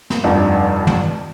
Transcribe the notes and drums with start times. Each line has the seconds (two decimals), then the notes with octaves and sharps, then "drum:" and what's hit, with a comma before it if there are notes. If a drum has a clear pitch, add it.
0.10 drum: snare
0.24 F1 G2 D#4
0.87 drum: tom